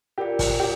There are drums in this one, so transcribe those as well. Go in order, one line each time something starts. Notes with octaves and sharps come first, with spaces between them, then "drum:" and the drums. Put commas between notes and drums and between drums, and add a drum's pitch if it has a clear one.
F4 G4 A#4 D5 G5
drum: kick, open hi-hat
G4